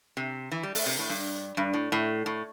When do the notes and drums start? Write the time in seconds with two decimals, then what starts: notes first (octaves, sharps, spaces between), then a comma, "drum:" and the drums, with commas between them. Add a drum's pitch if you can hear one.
0.17 C3
0.51 E3
0.63 G3
0.75 A3, drum: open hi-hat
0.86 C3
0.99 A2
1.09 G2
1.57 G2
1.74 A2
1.92 A2
2.26 A2